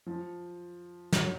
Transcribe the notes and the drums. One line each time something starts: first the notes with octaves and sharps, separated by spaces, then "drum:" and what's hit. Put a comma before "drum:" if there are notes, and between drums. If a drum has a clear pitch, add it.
F3
F#3, drum: snare